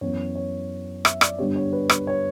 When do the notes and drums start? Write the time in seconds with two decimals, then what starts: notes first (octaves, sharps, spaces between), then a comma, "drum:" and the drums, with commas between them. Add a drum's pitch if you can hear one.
0.01 F#2 E3 B3 C#5
0.35 C#5
1.05 E5, drum: rim click
1.21 D5, drum: rim click
1.38 G2 D3 G3 B3 C#5
1.56 C#5
1.73 B4
1.90 B4, drum: rim click
2.07 C#5